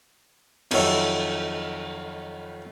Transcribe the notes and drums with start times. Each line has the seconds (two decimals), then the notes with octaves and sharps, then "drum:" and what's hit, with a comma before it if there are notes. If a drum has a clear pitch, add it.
0.71 F2 D#3 F#3 E5, drum: cymbal